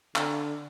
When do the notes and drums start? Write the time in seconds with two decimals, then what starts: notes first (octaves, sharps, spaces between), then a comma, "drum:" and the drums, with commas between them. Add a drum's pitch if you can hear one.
0.16 D3, drum: clap